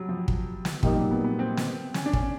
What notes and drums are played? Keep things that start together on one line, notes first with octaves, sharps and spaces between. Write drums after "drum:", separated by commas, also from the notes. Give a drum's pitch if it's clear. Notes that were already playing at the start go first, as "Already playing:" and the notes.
Already playing: F#3 G3
F3
drum: kick
drum: snare
A#2 F3 G3 A#3 D#4, drum: kick
F#3
B3
B3
C4
drum: snare
C#4, drum: snare
D4
C#4, drum: kick